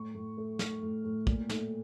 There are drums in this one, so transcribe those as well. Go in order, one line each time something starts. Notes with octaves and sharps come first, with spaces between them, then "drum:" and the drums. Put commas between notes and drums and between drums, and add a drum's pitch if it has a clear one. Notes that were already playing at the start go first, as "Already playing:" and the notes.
Already playing: A2 C#6
A2
A3
A3 F6, drum: snare
A2
A2
A#2, drum: kick
A3, drum: snare